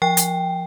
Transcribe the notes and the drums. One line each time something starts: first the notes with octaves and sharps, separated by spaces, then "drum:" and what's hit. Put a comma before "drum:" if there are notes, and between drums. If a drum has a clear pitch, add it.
F3 G5
drum: hi-hat